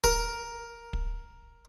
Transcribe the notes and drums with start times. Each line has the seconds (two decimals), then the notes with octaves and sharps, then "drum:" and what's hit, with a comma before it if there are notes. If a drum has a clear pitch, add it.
0.04 A#4, drum: kick
0.93 drum: kick